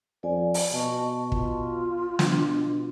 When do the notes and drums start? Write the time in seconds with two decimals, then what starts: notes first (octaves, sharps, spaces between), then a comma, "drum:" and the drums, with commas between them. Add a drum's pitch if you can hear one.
0.23 F2 D5 G#5
0.54 drum: open hi-hat
0.73 B2 D#5 A5 C#6
1.32 F4, drum: kick
2.19 B2 D4, drum: snare